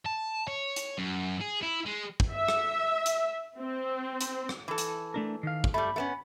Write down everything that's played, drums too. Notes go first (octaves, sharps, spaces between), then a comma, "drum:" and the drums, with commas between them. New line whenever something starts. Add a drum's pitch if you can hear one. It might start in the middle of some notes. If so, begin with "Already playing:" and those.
A5
C#5
drum: hi-hat
F#2
G#4
E4
G#3
drum: kick
E5
drum: rim click
drum: hi-hat
C4
drum: hi-hat
drum: rim click
E3 A4
drum: hi-hat
A3 D4 A#4
D#3 F5
drum: kick
G3 A3 B5
A3 B3 C#4